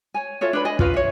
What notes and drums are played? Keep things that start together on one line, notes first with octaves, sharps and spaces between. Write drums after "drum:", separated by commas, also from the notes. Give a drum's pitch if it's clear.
C#5 G#5
F4 A4 C#5 E5
D4 B4 B5
D#5 G#5
C#4 F4 B4 F5, drum: kick
C#5 E5